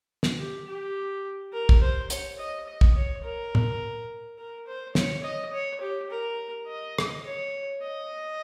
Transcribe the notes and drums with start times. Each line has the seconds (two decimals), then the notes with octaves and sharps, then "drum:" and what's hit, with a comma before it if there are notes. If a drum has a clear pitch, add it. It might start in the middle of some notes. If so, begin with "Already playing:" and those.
0.23 drum: snare
0.39 G4
0.66 G4
1.53 A#4
1.69 drum: kick
1.81 C5
2.10 C#5, drum: hi-hat
2.39 D#5
2.67 D#5
2.81 drum: kick
2.96 C#5
3.24 A#4
3.55 drum: tom
4.38 A#4
4.67 C5
4.95 C#5, drum: snare
5.24 D#5
5.53 C#5
5.81 G4
6.11 A#4
6.67 D#5
6.99 drum: rim click
7.25 C#5
7.82 D#5